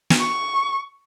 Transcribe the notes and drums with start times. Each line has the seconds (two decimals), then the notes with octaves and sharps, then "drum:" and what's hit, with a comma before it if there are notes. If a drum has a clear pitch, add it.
0.10 drum: snare
0.20 C#6